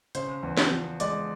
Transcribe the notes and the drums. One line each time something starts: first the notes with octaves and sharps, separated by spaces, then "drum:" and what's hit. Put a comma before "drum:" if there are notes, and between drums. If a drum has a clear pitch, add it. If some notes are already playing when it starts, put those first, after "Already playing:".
C#3 C5, drum: hi-hat
E2
drum: snare
F3
G#3 D5, drum: hi-hat